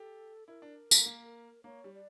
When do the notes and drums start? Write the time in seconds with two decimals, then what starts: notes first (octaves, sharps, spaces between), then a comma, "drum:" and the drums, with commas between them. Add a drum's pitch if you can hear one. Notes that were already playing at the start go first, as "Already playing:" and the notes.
Already playing: G4 A4
0.47 E4 A#4
0.62 D4
0.91 A#3, drum: tambourine
1.06 A#3
1.64 A#3 C#5
1.84 G3
1.93 D5